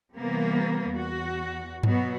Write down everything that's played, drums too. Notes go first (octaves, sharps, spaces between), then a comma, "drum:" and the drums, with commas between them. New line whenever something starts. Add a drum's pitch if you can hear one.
C3 E3 G3 A#3 B3 A#4
E2 F#4
B2 F#3 B3 F#4, drum: tom G2